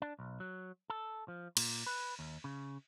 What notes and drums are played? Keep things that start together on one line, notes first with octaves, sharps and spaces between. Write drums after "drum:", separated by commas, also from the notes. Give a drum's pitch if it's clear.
D4
B1
F#3
A4
F3
A#2, drum: cymbal
B4
D#2
C#3